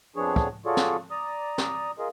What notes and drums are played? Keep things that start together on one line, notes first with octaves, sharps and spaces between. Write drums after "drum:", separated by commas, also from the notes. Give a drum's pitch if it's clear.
F2 F3 B3 D4 G#4 C#5
drum: kick
F4 F#4 G#4 A4 C#5 D5
drum: snare
D5 A#5 D#6
drum: snare
F4 G#4 A#4 D#5